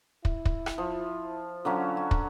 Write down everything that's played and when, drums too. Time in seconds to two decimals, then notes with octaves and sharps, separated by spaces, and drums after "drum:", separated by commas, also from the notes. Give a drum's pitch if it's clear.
0.25 E4, drum: kick
0.45 drum: kick
0.66 drum: rim click
0.78 F3
1.65 D3 F#3 C#4 F4
1.97 F#4
2.11 drum: kick